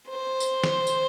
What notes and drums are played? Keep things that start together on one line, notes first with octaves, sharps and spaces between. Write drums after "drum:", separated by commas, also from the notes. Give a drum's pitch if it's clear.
C5
drum: tambourine
drum: snare
drum: tambourine